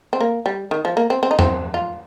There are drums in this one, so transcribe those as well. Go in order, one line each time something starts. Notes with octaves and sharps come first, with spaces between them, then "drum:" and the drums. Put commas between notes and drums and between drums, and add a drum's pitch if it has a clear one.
C4
A#3
G3
D#3
F3
A#3
C4
C4
D#4
C4, drum: tom E2
F4